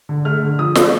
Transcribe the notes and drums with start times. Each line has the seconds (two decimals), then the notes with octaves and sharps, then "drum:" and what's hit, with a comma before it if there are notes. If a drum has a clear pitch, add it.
0.09 D3
0.25 A3 F6
0.42 D3
0.59 F3 D#6
0.75 A3, drum: snare